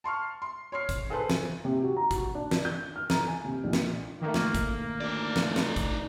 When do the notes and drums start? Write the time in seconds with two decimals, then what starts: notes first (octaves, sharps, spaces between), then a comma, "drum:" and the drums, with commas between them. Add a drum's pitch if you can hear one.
0.04 A5 C6 C#6 F6
0.42 C6
0.72 C#5 C6 F6 C7
0.89 drum: kick G#1, hi-hat
1.10 G#4 A4 B4 C5
1.30 drum: snare
1.65 C3
1.83 F#4
1.97 A#5
2.11 F#4, drum: kick G#1, hi-hat
2.35 D4
2.51 drum: snare
2.65 G6
2.96 F6
3.10 A#5, drum: snare
3.28 G#5
3.45 C3
3.64 A#1
3.73 drum: snare
4.21 D#3 A3 A#3
4.34 drum: snare
4.55 drum: kick G#1, hi-hat
5.01 D2 D#4 D5
5.36 drum: snare
5.56 drum: snare
5.76 drum: kick G#1, hi-hat